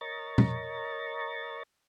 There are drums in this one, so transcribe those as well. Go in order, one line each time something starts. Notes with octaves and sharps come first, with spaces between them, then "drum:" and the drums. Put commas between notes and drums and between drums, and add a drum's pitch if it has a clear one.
A#4 C#5 D#5 A#5 C#6 A6
drum: tom A#2